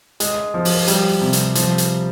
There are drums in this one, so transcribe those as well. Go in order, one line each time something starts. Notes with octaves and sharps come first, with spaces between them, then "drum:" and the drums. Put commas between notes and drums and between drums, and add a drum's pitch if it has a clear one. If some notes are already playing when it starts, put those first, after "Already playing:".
G#3, drum: hi-hat
F3
drum: open hi-hat
G3, drum: hi-hat
C3
drum: hi-hat
F3, drum: hi-hat
drum: hi-hat